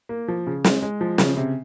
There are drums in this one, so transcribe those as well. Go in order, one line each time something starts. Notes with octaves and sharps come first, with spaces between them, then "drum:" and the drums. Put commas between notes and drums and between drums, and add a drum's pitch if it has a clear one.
A#3
F3
C#3
G#3, drum: snare
G#3
F3
C#3, drum: snare
C3